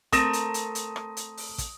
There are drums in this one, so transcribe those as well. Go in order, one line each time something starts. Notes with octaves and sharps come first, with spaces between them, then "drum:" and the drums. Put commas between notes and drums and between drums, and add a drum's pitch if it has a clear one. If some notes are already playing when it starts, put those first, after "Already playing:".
A3 C4 A#4 D#6 A#6 E7, drum: kick, hi-hat
drum: hi-hat
drum: hi-hat
drum: hi-hat
drum: rim click
drum: hi-hat
drum: open hi-hat
drum: kick, hi-hat